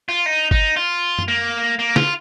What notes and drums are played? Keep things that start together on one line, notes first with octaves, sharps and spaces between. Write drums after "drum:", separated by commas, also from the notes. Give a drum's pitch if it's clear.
F4
D#4
D#4, drum: kick G1
F4
drum: tom F#2
A#3
A#3
F4, drum: snare